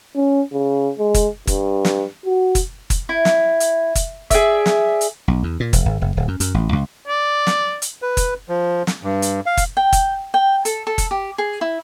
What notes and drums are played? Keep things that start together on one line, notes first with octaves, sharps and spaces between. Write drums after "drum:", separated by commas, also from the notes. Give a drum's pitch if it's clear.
C#4
C#3
G#3
drum: kick, hi-hat
G2, drum: kick, hi-hat
drum: snare
F#4
drum: kick, hi-hat
drum: kick, hi-hat
E4
drum: snare
drum: hi-hat
drum: kick, hi-hat
G#4 D5 E5, drum: kick, hi-hat
drum: snare
drum: hi-hat
B1
E2
A#2
E1, drum: kick, hi-hat
G#1
F#1
D1
F#2
F#2, drum: hi-hat
A1
C#2
D5
drum: snare
drum: hi-hat
B4
drum: kick, hi-hat
F3
drum: snare
G2
drum: hi-hat
F5
drum: kick, hi-hat
G5
drum: kick, hi-hat
G5
A4, drum: hi-hat
A4
drum: kick, hi-hat
G4
G#4
E4